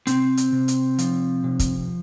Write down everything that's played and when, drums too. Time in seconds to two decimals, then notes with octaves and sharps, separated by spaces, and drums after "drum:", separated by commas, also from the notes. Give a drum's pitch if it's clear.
0.07 C3 C4, drum: hi-hat
0.37 drum: hi-hat
0.52 C3
0.68 drum: hi-hat
0.99 F3, drum: hi-hat
1.44 C3
1.59 drum: kick, hi-hat